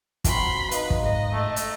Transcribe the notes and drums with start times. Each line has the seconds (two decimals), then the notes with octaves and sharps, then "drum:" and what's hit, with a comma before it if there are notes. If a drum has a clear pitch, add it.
0.24 F#3 C4 F#4 B5 C6, drum: kick, hi-hat
0.71 D#4 B4 F5, drum: hi-hat
0.90 drum: kick
1.03 G#2 D#5
1.33 A3
1.56 drum: hi-hat